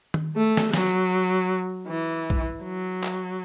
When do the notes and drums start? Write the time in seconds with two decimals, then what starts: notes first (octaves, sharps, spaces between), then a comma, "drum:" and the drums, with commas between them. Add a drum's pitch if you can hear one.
0.14 drum: tom D#3
0.36 A3
0.57 drum: snare
0.74 F#3, drum: snare
1.88 E3
2.30 drum: kick B1
2.64 F#3
3.04 drum: clap